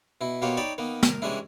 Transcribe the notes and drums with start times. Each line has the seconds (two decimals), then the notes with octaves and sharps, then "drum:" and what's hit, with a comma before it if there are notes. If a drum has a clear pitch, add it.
0.21 B2 E4
0.42 B2 A#3 B3 F4 G4 C#5
0.57 D#4 C#5 D5 G5 A5 B5
0.78 D#3 A#3 B3
1.03 A#4, drum: snare
1.22 E3 G3 G#3 C#4 D4 E4